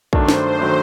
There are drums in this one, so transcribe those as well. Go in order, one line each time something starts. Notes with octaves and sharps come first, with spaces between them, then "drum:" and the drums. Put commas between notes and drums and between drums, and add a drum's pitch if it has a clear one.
G2 D#3 F#3 A3 D4 C5, drum: kick A#1
drum: snare
D#3 F#3 A3 D4